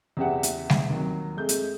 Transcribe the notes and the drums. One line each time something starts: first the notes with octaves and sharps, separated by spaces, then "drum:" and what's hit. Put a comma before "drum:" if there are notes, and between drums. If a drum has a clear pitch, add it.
E2 C#3 G4 E5 F#5
drum: hi-hat
drum: snare G3
D#2 C3 F#3
F2 G#3 A3 G6
drum: hi-hat